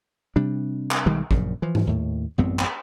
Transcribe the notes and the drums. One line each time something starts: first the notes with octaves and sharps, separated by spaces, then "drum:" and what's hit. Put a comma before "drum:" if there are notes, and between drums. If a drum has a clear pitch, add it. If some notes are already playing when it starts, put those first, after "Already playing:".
C3 G3 D4
drum: clap
B1 D#3 G3 G#3
A#1 F#2 C#3, drum: kick
E3 F3
drum: tom G#2
D#2 A2
A1 F#2 B3 C4
drum: clap